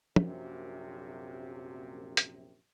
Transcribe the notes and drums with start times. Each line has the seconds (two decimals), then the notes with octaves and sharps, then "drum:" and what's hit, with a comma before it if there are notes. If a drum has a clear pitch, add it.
0.16 A#1 F#2 C3, drum: tom
2.17 drum: hi-hat